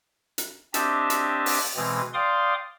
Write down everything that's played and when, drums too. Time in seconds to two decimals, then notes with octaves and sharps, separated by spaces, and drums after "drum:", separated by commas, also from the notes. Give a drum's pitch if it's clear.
0.38 drum: hi-hat
0.74 C4 D4 G4 D#5 E5 A5, drum: hi-hat
1.10 drum: hi-hat
1.46 drum: open hi-hat
1.76 B2 E3 G#3 C4
2.14 D5 F5 G5 C6 D6 D#6